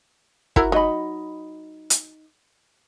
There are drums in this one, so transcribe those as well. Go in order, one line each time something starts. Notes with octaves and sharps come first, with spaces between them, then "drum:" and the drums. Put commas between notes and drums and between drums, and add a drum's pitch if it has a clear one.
E4 F#4 A#4, drum: kick
F#3 D#4 D#5 B5
drum: hi-hat